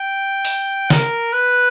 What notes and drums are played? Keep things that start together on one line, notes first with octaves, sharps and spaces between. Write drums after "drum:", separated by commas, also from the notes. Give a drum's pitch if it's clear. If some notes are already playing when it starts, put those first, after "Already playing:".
Already playing: G5
drum: open hi-hat
A#4, drum: snare
B4